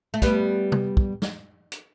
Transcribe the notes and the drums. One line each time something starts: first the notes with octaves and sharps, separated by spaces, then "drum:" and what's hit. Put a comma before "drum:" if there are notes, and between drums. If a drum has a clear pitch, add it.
A3
G3 B3, drum: kick, hi-hat
drum: tom
drum: kick
drum: snare
drum: hi-hat